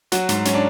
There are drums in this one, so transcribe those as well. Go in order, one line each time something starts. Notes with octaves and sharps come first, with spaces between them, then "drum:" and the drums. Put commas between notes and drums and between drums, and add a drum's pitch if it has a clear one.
F#3 F#4, drum: hi-hat
G#2, drum: hi-hat
F#3 C#4, drum: hi-hat
D4